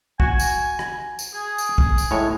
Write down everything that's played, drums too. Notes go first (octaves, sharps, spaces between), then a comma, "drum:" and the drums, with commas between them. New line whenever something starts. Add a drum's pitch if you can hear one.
F#4 G#5, drum: kick
drum: tambourine
drum: rim click
drum: tambourine
G#4
drum: tambourine
drum: kick
drum: tambourine
A2 G#3 C#5